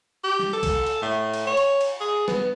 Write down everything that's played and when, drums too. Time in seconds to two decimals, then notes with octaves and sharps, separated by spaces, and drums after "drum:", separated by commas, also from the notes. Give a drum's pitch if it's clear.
0.24 G4
0.39 drum: snare
0.53 A4
0.63 drum: kick, cymbal
0.86 drum: cymbal
1.02 A2
1.34 drum: cymbal
1.47 C#5
1.57 drum: cymbal
1.81 drum: cymbal
2.00 G#4
2.28 B3, drum: snare